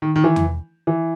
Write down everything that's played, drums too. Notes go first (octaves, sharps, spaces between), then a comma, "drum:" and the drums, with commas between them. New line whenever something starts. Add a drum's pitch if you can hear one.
D#3
D#3
E3
drum: tom E2
E3